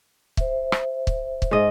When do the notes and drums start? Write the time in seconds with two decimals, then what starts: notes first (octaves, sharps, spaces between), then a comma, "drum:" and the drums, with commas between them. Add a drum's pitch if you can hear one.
0.37 C5 E5, drum: kick
0.72 drum: rim click
1.07 drum: kick
1.42 drum: kick
1.51 G#2 D#5